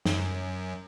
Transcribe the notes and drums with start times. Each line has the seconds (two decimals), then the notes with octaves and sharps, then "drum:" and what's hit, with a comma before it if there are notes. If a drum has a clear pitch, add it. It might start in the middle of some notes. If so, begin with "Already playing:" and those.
0.06 F#2, drum: snare